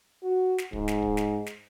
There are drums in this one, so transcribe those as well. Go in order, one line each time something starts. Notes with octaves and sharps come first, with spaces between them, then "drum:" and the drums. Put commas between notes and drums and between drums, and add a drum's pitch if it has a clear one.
F#4
drum: snare
G#2, drum: kick
drum: snare
drum: kick
drum: snare
drum: snare